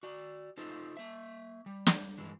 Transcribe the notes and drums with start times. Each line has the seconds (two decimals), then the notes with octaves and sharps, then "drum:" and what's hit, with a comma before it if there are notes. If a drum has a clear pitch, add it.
0.03 F#4 D5
0.58 D#4 F4 A4 C5
0.97 A#3 E5
1.66 G3
1.87 drum: snare
2.18 G2 E3 G#3